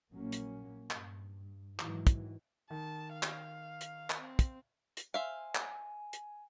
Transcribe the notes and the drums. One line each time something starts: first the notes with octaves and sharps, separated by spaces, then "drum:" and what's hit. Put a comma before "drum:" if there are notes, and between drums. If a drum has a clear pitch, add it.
A#1 F#3 A#3 C#4
drum: hi-hat
G2, drum: clap
G#2 D#3 E3 F#3, drum: clap
drum: kick, hi-hat
D#3 A5
F5
drum: clap
drum: hi-hat
drum: clap
C4
drum: kick, hi-hat
drum: hi-hat
C5 E5 F5 G#5
drum: clap
drum: hi-hat